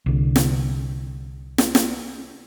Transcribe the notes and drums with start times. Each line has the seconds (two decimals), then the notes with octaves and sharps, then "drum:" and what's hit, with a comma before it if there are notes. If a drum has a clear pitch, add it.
0.06 C2 D3
0.36 drum: snare
1.58 drum: snare
1.75 drum: snare